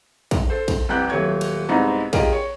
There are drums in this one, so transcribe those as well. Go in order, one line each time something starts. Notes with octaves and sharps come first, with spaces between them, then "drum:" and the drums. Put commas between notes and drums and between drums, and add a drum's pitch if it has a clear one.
drum: kick, cymbal
A4 C5
drum: kick, cymbal
F1 C2 G4 F#6 G6
D#1 F#3 A3 C#5 G#6
drum: cymbal
C2 G#2 B3 D#4 A#5
F4 G4 G#4 A#4 D5 D#5, drum: kick, cymbal
C#5